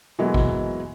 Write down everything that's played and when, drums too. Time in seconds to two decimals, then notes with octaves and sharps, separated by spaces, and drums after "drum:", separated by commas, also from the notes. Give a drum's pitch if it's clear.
0.19 B2 E3 F#3 G#3 A#3
0.34 drum: kick G#1